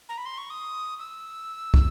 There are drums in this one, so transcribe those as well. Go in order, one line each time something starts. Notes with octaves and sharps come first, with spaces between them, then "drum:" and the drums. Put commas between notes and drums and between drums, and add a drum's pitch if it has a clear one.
A#5
B5
C6
C#6
D#6
E6
drum: kick